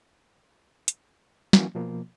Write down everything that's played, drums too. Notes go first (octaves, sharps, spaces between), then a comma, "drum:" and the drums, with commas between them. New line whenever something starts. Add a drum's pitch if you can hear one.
drum: hi-hat
E3 F#3 A#3 C#4, drum: snare
B2 F3 A#3